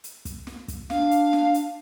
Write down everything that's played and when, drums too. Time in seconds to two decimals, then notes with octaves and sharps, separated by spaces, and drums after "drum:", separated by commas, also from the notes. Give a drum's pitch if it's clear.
0.04 drum: hi-hat
0.25 drum: kick, hi-hat
0.47 drum: snare
0.68 drum: kick, hi-hat
0.90 D4 F5, drum: snare
1.11 drum: hi-hat
1.33 drum: snare
1.54 drum: hi-hat